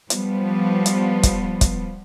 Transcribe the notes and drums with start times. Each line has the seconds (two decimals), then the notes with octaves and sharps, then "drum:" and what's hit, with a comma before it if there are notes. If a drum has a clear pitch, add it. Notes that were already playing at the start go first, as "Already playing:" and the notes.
0.10 F3 G3 B3, drum: hi-hat
0.86 drum: hi-hat
1.23 drum: kick, hi-hat
1.61 drum: kick, hi-hat